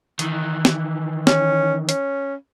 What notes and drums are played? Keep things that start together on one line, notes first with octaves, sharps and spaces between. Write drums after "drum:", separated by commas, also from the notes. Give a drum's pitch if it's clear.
D#3 E3, drum: hi-hat
drum: snare
C#4, drum: snare
C#4, drum: hi-hat